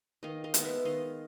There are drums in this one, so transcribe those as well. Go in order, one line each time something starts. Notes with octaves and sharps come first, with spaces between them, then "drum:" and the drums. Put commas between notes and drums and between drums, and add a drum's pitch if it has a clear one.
D#3 D#5 F5
D#5 F5
G#3 B3, drum: hi-hat
E5 F#5
D#3 D#5 F5